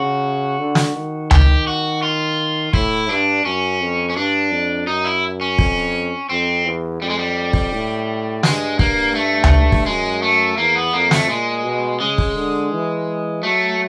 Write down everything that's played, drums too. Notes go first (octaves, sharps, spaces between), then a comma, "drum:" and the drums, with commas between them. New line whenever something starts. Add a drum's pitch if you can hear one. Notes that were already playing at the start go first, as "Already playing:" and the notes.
Already playing: C#3 F#4
D3
drum: snare
D#3
G4, drum: tom C#2
F#4
F4
A2 E4, drum: kick
G2 D4
F#2 C#4
F2
C#4
G2 D4
F2
F#2 D#4
E4
C#4
F2, drum: kick
F2 C4
E2
F2 G3
G#3
G3
drum: kick
A2
G2 G#3, drum: snare
A#3, drum: kick
A3
drum: tom C#2
drum: kick
F#2 G#3
A3
E2 A#3
B3
F2 A#3
A3, drum: snare
A#2 G#3
B2
C#3 G#3
drum: kick
D3
E3
F#3 A3